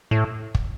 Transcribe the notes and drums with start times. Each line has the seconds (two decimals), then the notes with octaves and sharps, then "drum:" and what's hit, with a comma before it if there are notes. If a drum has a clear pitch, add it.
0.11 A2
0.55 drum: kick